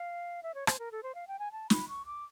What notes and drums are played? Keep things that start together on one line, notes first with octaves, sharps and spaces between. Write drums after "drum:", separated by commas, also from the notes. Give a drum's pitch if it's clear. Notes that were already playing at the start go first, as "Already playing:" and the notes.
Already playing: F5
E5
C#5
C5, drum: rim click
A#4
A4
C5
F5
G5
G#5
A5
B5, drum: snare
C#6
D6